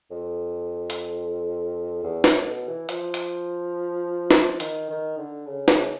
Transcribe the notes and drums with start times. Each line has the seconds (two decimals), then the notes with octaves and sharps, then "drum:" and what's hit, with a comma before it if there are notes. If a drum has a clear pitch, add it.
0.11 F2
0.90 drum: hi-hat
2.03 E2
2.24 A2, drum: snare
2.45 B2
2.68 E3
2.89 F3, drum: hi-hat
3.14 drum: hi-hat
4.31 drum: snare
4.60 D#3, drum: hi-hat
4.90 D#3
5.18 D3
5.46 C#3
5.68 C#3, drum: snare